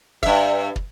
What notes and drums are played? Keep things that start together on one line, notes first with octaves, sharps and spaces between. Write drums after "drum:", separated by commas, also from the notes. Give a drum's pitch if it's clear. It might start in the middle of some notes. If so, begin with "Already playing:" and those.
G2 E5, drum: kick
drum: kick